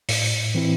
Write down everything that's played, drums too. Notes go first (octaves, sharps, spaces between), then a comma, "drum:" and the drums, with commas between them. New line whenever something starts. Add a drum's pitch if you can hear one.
A2, drum: open hi-hat
E3 C4 E4